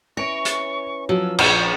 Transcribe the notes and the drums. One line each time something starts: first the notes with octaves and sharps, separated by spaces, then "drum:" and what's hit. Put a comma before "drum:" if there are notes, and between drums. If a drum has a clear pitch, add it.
E3 C#4 C#5 C#6 A#6 D7
drum: hi-hat
F3 F#3 E6
A#1 G#4 C#6, drum: cymbal